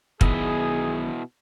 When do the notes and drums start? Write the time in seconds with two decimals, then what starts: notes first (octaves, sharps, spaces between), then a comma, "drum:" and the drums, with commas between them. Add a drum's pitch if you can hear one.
0.21 B1 B2 D#3 B3 E4 G#4 D#5, drum: kick